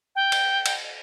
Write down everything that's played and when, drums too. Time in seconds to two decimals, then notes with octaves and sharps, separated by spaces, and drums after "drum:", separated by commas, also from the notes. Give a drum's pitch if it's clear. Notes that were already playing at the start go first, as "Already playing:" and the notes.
0.16 G5
0.32 drum: cymbal
0.66 drum: cymbal